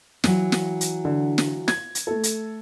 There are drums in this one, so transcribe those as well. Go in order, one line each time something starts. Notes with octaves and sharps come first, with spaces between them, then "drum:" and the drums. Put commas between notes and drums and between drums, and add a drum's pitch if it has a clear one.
E3 F#3, drum: snare
drum: snare
drum: hi-hat
D3
drum: snare
G#6, drum: snare
drum: hi-hat
A3 A4
drum: hi-hat